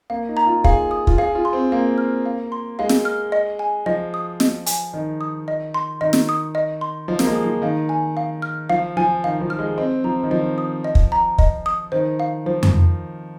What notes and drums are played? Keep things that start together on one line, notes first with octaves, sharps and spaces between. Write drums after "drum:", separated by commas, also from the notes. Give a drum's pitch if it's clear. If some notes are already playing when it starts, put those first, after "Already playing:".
A#3 F5
D#4
A#5
F4
G#4 F5, drum: kick
D#6
F4, drum: kick
G#4 F5
F4
C6
C4
A#3 F5
F6
F5
C6
G#3 F5
drum: snare
F6
D#5
G#5
F3 D#5
D#6
D#5, drum: snare
G#5, drum: hi-hat
D#3 D#5
D#6
D#5
C6
D#3 D#5
drum: snare
D#6
D#5
C6
F3 D#5
A#3, drum: snare
G#3
D#6
F3
D#3 F5
G#5
F5
F6
F3 F5
F3 G#5
D#3 F5
F3
F6
G#3
C4 D#5
F3 A#5
D#3
F3 D#5
D#6
D#5
drum: kick
A#5
D#5, drum: kick
D#6
D#3 C5
F5
F3 C5
drum: tom F2